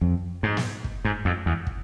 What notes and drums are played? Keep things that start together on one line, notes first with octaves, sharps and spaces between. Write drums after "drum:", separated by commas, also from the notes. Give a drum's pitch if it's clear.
F2
G#2
drum: snare
drum: kick
G#2
F2
E2
drum: kick